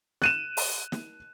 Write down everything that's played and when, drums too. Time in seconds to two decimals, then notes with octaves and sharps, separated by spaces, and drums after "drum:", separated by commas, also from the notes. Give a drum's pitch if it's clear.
0.22 F#6 D#7 E7, drum: snare
0.57 drum: open hi-hat
0.92 drum: snare